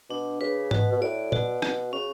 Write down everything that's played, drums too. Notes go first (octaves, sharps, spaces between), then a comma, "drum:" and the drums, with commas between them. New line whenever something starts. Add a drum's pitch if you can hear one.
B2 D4
C#3 B4
B2 F#4, drum: tom G#2
B2
A2 D5
B2 F#4, drum: tom A#2
B2 F#4, drum: rim click
C#3 C#4